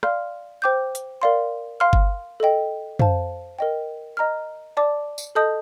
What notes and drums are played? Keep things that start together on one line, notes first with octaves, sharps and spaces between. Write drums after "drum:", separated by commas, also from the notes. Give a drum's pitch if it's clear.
D5 F5 C6 F6, drum: rim click
C5 G5 D6 G6
drum: hi-hat
A#4 D5 F5 C6
F5 C6 F6
drum: kick G1
A4 D#5 G5
C5 F5 A5, drum: tom
A#4 D#5 G5
D#5 A#5 F6
D5 A5 D6
drum: tambourine
A4 D#5 A5 D#6 G6